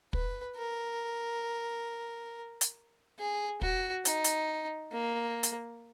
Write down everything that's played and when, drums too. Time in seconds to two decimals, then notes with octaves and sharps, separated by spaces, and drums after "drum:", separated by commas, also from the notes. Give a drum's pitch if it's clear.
0.13 B4, drum: kick
0.57 A#4
2.61 drum: hi-hat
3.19 G#4
3.61 F#4, drum: kick
4.05 D#4, drum: hi-hat
4.24 drum: hi-hat
4.92 A#3
5.43 drum: hi-hat